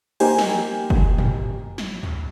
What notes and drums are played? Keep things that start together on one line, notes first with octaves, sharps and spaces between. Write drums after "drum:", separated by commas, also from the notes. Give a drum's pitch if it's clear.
A#3 D#4 G4 C5 G#5, drum: cymbal
drum: snare
drum: kick F#1
drum: tom
drum: snare
drum: tom